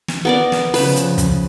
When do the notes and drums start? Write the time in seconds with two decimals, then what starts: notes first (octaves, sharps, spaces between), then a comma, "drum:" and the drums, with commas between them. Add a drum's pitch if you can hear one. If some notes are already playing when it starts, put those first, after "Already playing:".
0.08 drum: snare
0.25 B3 A#4 D5
0.52 drum: snare
0.74 C#3 F3 B4, drum: open hi-hat
0.96 drum: hi-hat
1.18 drum: kick, hi-hat